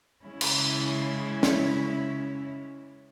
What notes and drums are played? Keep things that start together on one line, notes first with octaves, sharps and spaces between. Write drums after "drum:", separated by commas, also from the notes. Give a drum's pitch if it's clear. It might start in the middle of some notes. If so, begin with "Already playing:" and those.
C#3 G#3 C#4 E4
drum: cymbal
drum: snare